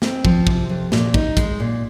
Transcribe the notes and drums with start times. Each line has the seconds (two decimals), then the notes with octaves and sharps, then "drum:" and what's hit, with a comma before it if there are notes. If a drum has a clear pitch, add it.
0.02 C4, drum: snare
0.25 F3, drum: kick
0.47 C3, drum: kick
0.69 F2
0.92 A#2, drum: snare
1.14 D#4, drum: kick
1.37 G#3, drum: kick, hi-hat
1.60 A#2